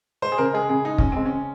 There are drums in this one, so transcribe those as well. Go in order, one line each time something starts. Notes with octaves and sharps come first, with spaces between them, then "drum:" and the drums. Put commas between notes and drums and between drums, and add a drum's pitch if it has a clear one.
G#3 C5
G#4
C#3 A#4
G#3 G#4
C#3 G#4
G#3 D#4
C#3 C#4, drum: kick
G#3 C4
C#4
C#3